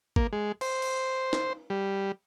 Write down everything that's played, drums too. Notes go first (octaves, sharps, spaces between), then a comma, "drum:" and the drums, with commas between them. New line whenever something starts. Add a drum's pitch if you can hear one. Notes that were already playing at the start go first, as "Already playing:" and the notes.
A#3, drum: kick
G#3
C5, drum: cymbal
drum: cymbal
drum: snare
G3